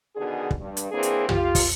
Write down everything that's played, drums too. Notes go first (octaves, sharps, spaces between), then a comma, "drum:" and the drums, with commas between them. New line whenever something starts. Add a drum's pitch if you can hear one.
B2 D3 D#3 G#4
drum: kick
G2
drum: hi-hat
E3 A#3 C4 D4 G#4
drum: hi-hat
F4 G4, drum: tom
drum: kick, open hi-hat